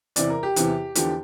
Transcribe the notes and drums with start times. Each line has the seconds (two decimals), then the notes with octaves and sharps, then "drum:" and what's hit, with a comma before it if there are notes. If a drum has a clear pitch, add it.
0.16 E2 C3 E3 D5, drum: hi-hat
0.30 A#4
0.43 G4
0.56 E2 C3 E3, drum: hi-hat
0.95 E2 D3 F3 G4, drum: hi-hat